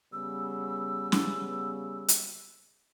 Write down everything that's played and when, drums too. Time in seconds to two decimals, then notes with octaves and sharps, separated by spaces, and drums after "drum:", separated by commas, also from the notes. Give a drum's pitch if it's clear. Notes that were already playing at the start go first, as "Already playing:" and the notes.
0.13 C#3 G3 B3 E6
1.12 drum: snare
2.08 drum: hi-hat